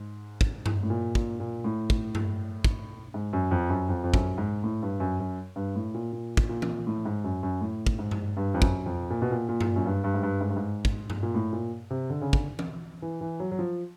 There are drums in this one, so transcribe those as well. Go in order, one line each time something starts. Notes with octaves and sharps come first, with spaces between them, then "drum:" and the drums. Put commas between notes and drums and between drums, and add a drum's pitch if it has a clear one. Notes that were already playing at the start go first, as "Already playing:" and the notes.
Already playing: G#2
drum: kick
drum: tom G2
A2
A#2
A#2, drum: kick
A#2
A2
drum: kick
drum: tom G2
drum: kick
G#2
F#2
F2
F#2
F2
F2
F#2, drum: kick
G#2
A2
G2
F#2
F#2
G2
A2
A#2
A#2
drum: kick
A#2
drum: tom E3
A2
G#2
F#2
F#2
A2
drum: kick
G#2
drum: tom G2
G2
F2
F#2, drum: kick
F2
A#2
B2
A#2
A#2
drum: tom G2
F#2
G2
G2
G#2
G2
G#2
G2
G#2
drum: kick
drum: tom G2
A#2
A2
A#2
C3
D3
C#3
D3, drum: kick
drum: tom E3
E3
E3
F#3
F#3
F3